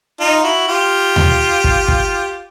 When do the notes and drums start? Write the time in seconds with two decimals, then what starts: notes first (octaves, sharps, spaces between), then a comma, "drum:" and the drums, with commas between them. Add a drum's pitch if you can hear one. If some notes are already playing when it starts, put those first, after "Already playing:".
0.20 D#4 F4
0.43 E4 F#4
0.68 F4 G4
1.16 drum: tom D#2
1.64 drum: kick
1.88 drum: kick